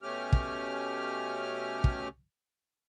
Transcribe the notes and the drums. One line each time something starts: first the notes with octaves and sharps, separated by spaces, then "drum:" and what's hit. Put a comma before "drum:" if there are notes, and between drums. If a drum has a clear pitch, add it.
B2 A3 C#4 G4 F6
drum: kick
drum: kick